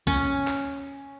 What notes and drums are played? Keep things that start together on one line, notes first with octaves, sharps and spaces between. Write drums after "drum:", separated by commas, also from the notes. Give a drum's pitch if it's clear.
C#4, drum: kick C2
drum: clap